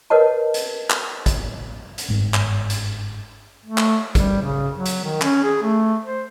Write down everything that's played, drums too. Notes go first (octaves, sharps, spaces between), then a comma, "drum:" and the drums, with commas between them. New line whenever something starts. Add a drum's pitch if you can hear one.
A#4 B4 C#5 D#5 F#5 A5
drum: hi-hat
drum: clap
drum: kick A1, hi-hat
drum: hi-hat
G1 G#2
drum: clap
drum: hi-hat
A3
drum: clap
G3, drum: kick A1, hi-hat
C#3
F#3
drum: hi-hat
D#3
C#4, drum: clap
G#4
A3
C5